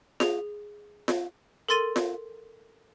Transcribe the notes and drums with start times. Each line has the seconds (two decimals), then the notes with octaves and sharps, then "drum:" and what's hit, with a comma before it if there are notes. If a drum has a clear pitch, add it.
0.20 G#4, drum: snare F4
1.08 drum: snare F4
1.69 A4 A#4 C6 A6 D#7 G7
1.96 drum: snare F4